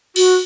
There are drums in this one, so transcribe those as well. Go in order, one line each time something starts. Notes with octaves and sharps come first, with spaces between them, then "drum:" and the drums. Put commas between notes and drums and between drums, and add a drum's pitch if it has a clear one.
F#4, drum: cymbal